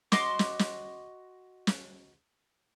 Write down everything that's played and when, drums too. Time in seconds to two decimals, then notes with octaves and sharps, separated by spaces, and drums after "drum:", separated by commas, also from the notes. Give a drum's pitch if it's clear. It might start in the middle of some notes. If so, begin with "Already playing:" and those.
0.12 F#4 D#5 C6 D6, drum: snare
0.39 drum: snare
0.59 drum: snare
1.67 drum: snare